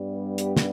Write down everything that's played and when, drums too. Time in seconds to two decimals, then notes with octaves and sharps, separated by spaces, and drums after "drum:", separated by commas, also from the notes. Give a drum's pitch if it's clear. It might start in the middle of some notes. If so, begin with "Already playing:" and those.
Already playing: G2 G3 B3
0.38 G4, drum: hi-hat
0.57 drum: snare